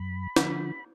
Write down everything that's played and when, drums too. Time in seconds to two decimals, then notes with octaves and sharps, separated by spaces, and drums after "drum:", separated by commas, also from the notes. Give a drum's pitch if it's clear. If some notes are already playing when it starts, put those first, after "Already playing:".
Already playing: F#2 B5
0.36 D3 F3, drum: snare